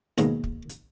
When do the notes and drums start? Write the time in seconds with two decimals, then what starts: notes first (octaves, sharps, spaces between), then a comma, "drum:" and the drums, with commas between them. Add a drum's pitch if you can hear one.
0.18 D#2 B2 F#3 G#3, drum: hi-hat
0.44 drum: kick
0.69 drum: hi-hat